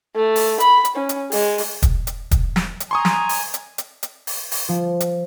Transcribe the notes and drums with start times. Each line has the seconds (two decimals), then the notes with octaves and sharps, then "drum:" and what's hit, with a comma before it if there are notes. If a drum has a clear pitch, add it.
0.16 A3
0.36 drum: open hi-hat
0.60 B5, drum: hi-hat
0.85 drum: hi-hat
0.96 C#4
1.09 drum: hi-hat
1.32 G#3, drum: open hi-hat
1.58 drum: open hi-hat
1.82 drum: kick, hi-hat
2.07 drum: hi-hat
2.31 drum: kick, hi-hat
2.56 drum: snare
2.80 drum: hi-hat
2.91 G#5 A#5 C6 C#6 D#6
3.05 drum: snare
3.29 drum: open hi-hat
3.54 drum: hi-hat
3.78 drum: hi-hat
4.03 drum: hi-hat
4.27 drum: open hi-hat
4.52 drum: open hi-hat
4.69 F3
5.00 drum: hi-hat